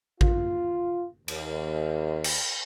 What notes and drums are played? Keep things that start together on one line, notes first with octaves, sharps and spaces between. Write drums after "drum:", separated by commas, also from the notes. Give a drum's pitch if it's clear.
F4, drum: kick A1
D#2, drum: cymbal
drum: cymbal